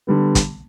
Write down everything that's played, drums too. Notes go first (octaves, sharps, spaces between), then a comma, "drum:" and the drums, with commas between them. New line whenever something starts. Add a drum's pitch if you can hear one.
D3 G3 B3
drum: kick, hi-hat